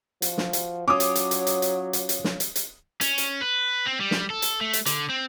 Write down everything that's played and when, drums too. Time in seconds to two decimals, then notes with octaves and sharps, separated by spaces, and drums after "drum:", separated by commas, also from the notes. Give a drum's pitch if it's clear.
0.22 F3 F#4, drum: hi-hat
0.38 drum: snare
0.53 drum: hi-hat
0.88 F#3 C#4 F4 C#5 D6 D#6
1.00 drum: hi-hat
1.15 drum: hi-hat
1.31 drum: hi-hat
1.47 drum: hi-hat
1.62 drum: hi-hat
1.93 drum: hi-hat
2.09 drum: hi-hat
2.24 drum: snare
2.40 drum: hi-hat
2.56 drum: hi-hat
3.01 C#4, drum: hi-hat
3.18 drum: hi-hat
3.41 B4
3.86 C4
4.00 G3
4.11 drum: snare
4.30 A4
4.42 drum: hi-hat
4.61 A3
4.73 drum: hi-hat
4.86 D3, drum: hi-hat
5.10 C4